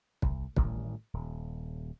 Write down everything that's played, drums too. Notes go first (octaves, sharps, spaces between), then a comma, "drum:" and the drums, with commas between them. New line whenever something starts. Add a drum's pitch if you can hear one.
C2, drum: kick
A1 A2 D#3 G3, drum: kick
D#1